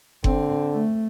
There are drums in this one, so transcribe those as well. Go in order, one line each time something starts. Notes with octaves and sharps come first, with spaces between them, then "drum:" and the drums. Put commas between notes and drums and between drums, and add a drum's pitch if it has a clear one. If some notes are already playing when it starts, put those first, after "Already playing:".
D3 C4, drum: kick F#1
A3